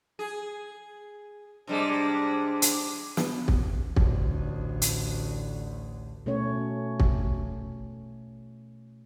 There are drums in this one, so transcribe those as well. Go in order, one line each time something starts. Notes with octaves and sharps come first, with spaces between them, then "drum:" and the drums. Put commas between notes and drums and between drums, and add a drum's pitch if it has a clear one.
G#4
C3 G3 G#3 D4
drum: hi-hat
B3, drum: snare
drum: kick
A1 D2, drum: kick
drum: hi-hat
B2 A3 C#4 C#5
drum: kick